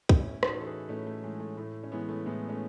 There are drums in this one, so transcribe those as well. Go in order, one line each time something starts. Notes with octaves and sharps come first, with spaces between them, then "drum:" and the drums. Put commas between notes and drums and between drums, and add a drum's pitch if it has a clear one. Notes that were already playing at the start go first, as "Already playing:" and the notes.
drum: kick
A2 C#4 E4
D#4 F#4, drum: rim click
E3
A4
G#4 B4
A2 A3 C#4
A3
E3 G#3
A3
A2 A3
C#4
E3 G#3 B3
A3
A2 G#3 B3
A3 C#4